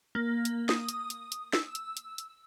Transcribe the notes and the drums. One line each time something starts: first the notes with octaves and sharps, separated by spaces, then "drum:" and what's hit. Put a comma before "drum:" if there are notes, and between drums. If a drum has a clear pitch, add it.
A#3
drum: hi-hat
D#6, drum: snare
drum: hi-hat
drum: hi-hat
drum: hi-hat
E6, drum: snare
drum: hi-hat
drum: hi-hat
drum: hi-hat